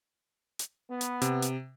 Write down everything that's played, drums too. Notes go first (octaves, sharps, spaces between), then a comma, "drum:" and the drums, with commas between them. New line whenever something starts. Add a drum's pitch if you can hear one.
drum: hi-hat
B3
drum: hi-hat
C3, drum: hi-hat
drum: hi-hat